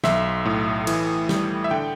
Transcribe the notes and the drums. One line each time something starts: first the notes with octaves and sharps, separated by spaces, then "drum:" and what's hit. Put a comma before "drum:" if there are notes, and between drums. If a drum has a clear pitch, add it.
B1 E5, drum: snare
A2
E3, drum: cymbal
G3, drum: snare
E5
D3 G5